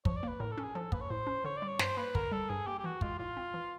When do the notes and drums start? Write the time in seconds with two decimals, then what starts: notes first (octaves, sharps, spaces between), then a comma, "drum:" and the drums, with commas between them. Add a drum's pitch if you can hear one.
0.05 F3 C#5, drum: kick
0.16 D5
0.23 A#3 B4
0.40 A2 A#4
0.51 A4
0.58 C#4
0.64 G#4
0.75 F3 A4
0.92 A#3 B4, drum: kick
1.01 C#5
1.10 A2 C5
1.27 C#4
1.44 D3 C#5
1.57 D5
1.62 G3
1.68 C#5
1.79 G2 C5, drum: snare
1.97 A#3 B4
2.15 D3 A#4, drum: kick
2.32 G3 A4
2.49 G2 G#4
2.67 A#3 G4
2.79 G4
2.84 E3 F#4
3.01 G#3 F4, drum: kick
3.19 A2 F4
3.37 C4
3.54 E3